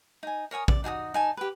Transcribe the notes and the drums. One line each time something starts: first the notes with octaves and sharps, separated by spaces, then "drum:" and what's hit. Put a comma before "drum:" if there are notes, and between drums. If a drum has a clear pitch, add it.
D#4 G#5
A#4 C#5 G#5 D#6
D5, drum: kick
D#4 F#4 G#5 D#6
D#4 G#5 A5
G4 B4